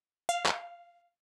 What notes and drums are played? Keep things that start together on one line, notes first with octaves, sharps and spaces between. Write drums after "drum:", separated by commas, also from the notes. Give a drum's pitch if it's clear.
F5
drum: clap